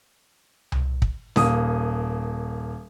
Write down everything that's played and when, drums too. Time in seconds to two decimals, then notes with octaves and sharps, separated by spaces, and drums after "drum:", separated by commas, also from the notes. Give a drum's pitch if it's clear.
0.72 drum: tom C2
1.02 drum: kick
1.36 D#1 A#3 D#6, drum: snare C#4